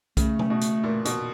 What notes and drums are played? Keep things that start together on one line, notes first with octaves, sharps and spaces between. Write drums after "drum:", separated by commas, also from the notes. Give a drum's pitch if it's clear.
C#3 A3, drum: kick, hi-hat
drum: tom B2
B2
drum: hi-hat
A#2
B2, drum: hi-hat